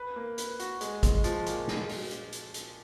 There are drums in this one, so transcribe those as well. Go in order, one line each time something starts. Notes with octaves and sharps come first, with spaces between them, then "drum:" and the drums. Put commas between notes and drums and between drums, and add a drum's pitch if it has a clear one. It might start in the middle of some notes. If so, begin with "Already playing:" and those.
Already playing: B4
A#3
B4, drum: hi-hat
F#4, drum: hi-hat
G#3, drum: hi-hat
G#3, drum: kick, hi-hat
F3, drum: hi-hat
A#2, drum: hi-hat
drum: snare
drum: open hi-hat
drum: hi-hat
drum: hi-hat
drum: hi-hat